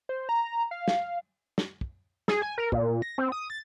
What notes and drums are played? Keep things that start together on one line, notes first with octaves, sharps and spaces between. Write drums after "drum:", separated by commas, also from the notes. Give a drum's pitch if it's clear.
C5
A#5
F5
drum: snare
drum: snare
drum: kick
G#4, drum: snare
G#5
A#4
A#2, drum: kick
A#6
C4
D#6
A6